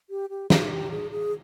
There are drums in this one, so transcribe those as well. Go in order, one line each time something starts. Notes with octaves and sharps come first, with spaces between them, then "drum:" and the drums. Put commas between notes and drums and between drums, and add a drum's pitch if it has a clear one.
G4
G4
G#4, drum: snare
G4
G#4
G#4